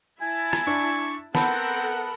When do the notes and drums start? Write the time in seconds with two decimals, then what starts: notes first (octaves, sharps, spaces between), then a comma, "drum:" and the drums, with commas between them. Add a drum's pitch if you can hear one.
0.21 E4 G#5 A5
0.53 drum: rim click
0.67 D4 C#6
1.35 B3 C4 A4 A#4 F#5 A5 B5, drum: snare